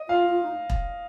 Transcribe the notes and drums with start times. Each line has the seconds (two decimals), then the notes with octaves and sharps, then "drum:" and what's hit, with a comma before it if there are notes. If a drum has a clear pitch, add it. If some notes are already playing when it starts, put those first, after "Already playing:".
Already playing: D#5
0.09 F4 F5
0.29 F4
0.43 D#4
0.70 drum: kick E1